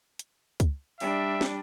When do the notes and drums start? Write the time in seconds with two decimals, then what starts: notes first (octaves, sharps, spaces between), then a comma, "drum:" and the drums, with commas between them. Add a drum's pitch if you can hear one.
0.19 drum: hi-hat
0.60 drum: kick C#2, hi-hat
1.00 G3 D4 E5, drum: open hi-hat
1.41 drum: snare